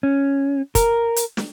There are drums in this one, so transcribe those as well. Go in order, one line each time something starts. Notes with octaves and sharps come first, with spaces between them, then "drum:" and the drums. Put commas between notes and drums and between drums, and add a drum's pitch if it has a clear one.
C#4
A#4, drum: kick, hi-hat
drum: hi-hat
drum: snare